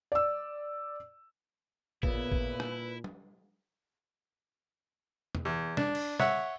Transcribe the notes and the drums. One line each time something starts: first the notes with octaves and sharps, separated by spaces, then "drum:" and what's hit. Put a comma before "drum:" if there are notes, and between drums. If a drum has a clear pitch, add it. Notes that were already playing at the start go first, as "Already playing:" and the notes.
D5 E6
A#2 C#3 B3 E4 B4, drum: kick A1
drum: kick A1
drum: rim click
drum: tom F#3
drum: tom E2
E2
D4, drum: snare
drum: cymbal
C#5 E5 F#5, drum: snare